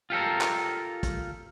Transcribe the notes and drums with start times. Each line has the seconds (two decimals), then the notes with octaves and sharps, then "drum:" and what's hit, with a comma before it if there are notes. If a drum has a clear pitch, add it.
0.10 F4 G4 A4 A#4
0.41 drum: clap
1.03 drum: kick, hi-hat